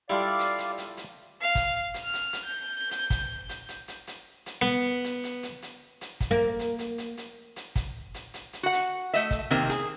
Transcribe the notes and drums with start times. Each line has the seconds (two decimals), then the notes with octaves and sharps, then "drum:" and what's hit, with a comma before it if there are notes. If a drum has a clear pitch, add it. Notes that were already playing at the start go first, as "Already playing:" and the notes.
0.10 G3 E4 F4 A4 D5 F5
0.39 drum: hi-hat
0.58 drum: hi-hat
0.78 drum: hi-hat
0.97 drum: hi-hat
1.41 F5
1.55 drum: kick, hi-hat
1.94 drum: hi-hat
2.04 F6
2.13 drum: hi-hat
2.33 drum: hi-hat
2.45 G6
2.91 drum: hi-hat
3.10 drum: kick, hi-hat
3.49 drum: hi-hat
3.69 drum: hi-hat
3.88 drum: hi-hat
4.07 drum: hi-hat
4.46 drum: hi-hat
4.62 B3
5.04 drum: hi-hat
5.24 drum: hi-hat
5.43 drum: hi-hat
5.62 drum: hi-hat
6.01 drum: hi-hat
6.21 drum: kick, hi-hat
6.31 A#3
6.59 drum: hi-hat
6.79 drum: hi-hat
6.98 drum: hi-hat
7.17 drum: hi-hat
7.56 drum: hi-hat
7.76 drum: kick, hi-hat
8.14 drum: hi-hat
8.34 drum: hi-hat
8.53 drum: hi-hat
8.63 F#4 F#5
8.72 drum: hi-hat
9.13 A3 D#5 E5, drum: hi-hat
9.31 drum: kick, hi-hat
9.51 C3 D#3 A#3 C4
9.69 G#4, drum: hi-hat